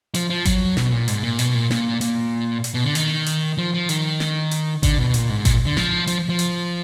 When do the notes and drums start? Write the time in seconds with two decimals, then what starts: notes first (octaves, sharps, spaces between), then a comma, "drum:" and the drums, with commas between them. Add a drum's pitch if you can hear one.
0.14 F3, drum: hi-hat
0.30 F3
0.45 F#3, drum: kick G#1, hi-hat
0.77 B2, drum: snare
0.92 A#2
1.08 G#2, drum: hi-hat
1.23 A#2
1.39 B2, drum: hi-hat
1.54 A#2
1.71 A#2, drum: snare
2.01 A#2, drum: hi-hat
2.64 drum: hi-hat
2.74 B2
2.85 D3
2.95 D#3, drum: hi-hat
3.26 drum: hi-hat
3.58 F3
3.74 F3
3.89 D#3, drum: hi-hat
4.20 drum: snare
4.51 drum: hi-hat
4.83 D3, drum: kick G#1, hi-hat
4.99 B2
5.14 A#2, drum: hi-hat
5.29 G#2
5.45 A#2, drum: kick G#1, hi-hat
5.66 D3
5.77 F3, drum: snare
6.07 F3, drum: hi-hat
6.29 F3
6.39 drum: hi-hat